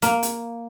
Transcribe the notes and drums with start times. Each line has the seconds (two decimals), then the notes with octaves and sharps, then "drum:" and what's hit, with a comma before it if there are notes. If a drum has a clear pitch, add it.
0.02 A#3, drum: hi-hat
0.23 drum: hi-hat